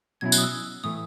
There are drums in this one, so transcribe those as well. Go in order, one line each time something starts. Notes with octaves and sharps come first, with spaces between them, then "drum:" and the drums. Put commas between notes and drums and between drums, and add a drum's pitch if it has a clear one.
B2 F#3 C#4 E4 G#6
F#6, drum: tambourine
D#6
E6
A2 E3 A3 D#6